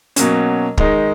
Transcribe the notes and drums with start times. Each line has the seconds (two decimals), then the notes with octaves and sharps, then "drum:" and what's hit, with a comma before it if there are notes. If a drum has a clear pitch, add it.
0.16 B2 F#3 A#3 C#4, drum: hi-hat
0.78 D#3 G#3 D#4, drum: kick